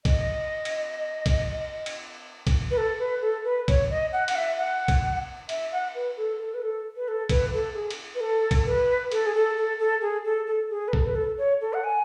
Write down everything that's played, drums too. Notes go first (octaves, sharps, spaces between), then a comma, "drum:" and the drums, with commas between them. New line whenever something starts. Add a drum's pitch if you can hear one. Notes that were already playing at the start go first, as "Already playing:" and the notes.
D#5, drum: kick, cymbal
drum: cymbal
drum: kick, cymbal
drum: cymbal
drum: kick, cymbal
B4
A4
B4
A4
B4
C#5, drum: kick, cymbal
D#5
F#5
F#5, drum: cymbal
E5
F#5
drum: kick, cymbal
E5, drum: cymbal
F#5
B4
A4
A4
B4
A4
B4
A4
B4, drum: kick, cymbal
A4
G#4
drum: cymbal
B4
A4
drum: kick, cymbal
B4
A4, drum: cymbal
G#4
A4
A4
A4
G#4
A4
A4
G#4
B4
A4, drum: kick
B4
A4
C#5
A4
F#5
G#5